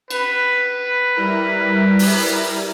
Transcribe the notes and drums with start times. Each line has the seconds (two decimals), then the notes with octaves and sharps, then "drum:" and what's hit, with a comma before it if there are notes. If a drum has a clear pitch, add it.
0.10 B4, drum: cymbal
1.16 G3 E4 A#4
1.99 drum: open hi-hat